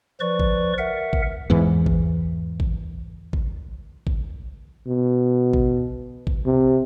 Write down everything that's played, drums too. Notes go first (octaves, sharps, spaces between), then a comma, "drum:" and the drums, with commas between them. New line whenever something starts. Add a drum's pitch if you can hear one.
F3 B4 D5 C#6
drum: kick A1
A#4 E5 F#5
drum: kick A1
E2 G#2 E3
drum: kick A1
drum: kick A1
drum: kick A1
drum: kick A1
B2
drum: kick A1
drum: kick A1
C3